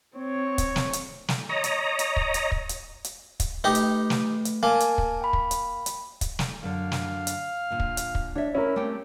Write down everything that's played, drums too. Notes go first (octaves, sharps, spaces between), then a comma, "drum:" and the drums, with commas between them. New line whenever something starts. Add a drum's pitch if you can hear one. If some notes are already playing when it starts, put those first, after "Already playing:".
C4 C#5
drum: kick, hi-hat
drum: snare
drum: hi-hat
drum: snare
C#5 D#5 A#5
drum: hi-hat
drum: hi-hat
drum: kick
drum: hi-hat
drum: kick
drum: hi-hat
drum: hi-hat
drum: kick, hi-hat
A3 D#4 G4 B4
drum: hi-hat
drum: snare
drum: hi-hat
A#3 G#5 A5
drum: hi-hat
drum: kick
G5 B5
drum: kick
drum: hi-hat
drum: hi-hat
drum: kick, hi-hat
drum: snare
F#2 D3 F5
drum: snare
drum: hi-hat
A#2 D3
drum: kick
drum: hi-hat
drum: kick
D4 C#5 E5
C#4 E4 A#4
A3 C4 G4 G5